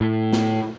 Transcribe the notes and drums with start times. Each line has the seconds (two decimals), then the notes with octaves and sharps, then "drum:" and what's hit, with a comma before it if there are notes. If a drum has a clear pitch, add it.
0.01 A2
0.33 drum: snare